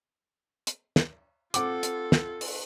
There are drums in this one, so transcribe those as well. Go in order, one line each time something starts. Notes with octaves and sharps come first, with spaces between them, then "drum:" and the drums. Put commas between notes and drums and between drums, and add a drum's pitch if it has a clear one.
drum: hi-hat
drum: snare
C4 F4 A4 F#5 D6, drum: hi-hat
drum: hi-hat
drum: snare
drum: open hi-hat